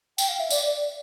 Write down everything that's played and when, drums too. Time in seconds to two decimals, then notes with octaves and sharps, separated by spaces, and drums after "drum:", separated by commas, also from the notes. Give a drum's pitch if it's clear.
0.18 G5, drum: tambourine
0.29 F5
0.39 E5
0.50 D5, drum: tambourine
0.66 D5